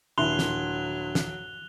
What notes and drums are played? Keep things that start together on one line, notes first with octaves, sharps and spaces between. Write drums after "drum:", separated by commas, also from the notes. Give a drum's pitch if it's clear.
D#1 F#3 D4 E4 C6 F#6 F7 G7
drum: snare
drum: snare